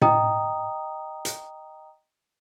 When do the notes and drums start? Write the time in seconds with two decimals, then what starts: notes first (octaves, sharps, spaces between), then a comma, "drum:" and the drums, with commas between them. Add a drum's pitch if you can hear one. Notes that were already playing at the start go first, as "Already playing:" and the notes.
0.02 D#5 G5 A#5 D#6, drum: tom A2
1.25 drum: hi-hat